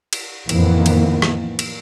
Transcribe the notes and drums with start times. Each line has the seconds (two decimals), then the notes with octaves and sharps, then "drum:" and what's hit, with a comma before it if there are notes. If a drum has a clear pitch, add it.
0.13 drum: cymbal
0.49 F2 A2 D#3 E3 A#3 B3, drum: cymbal
0.86 drum: cymbal
1.22 drum: rim click
1.59 drum: cymbal